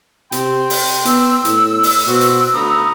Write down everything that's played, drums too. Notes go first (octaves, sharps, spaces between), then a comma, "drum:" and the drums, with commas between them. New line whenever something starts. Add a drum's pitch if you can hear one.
C3 G5 C6, drum: hi-hat
drum: open hi-hat
B3 E6, drum: hi-hat
A2, drum: hi-hat
drum: open hi-hat
B2 C4 F#4
drum: hi-hat
D2 A#5 B5 D#6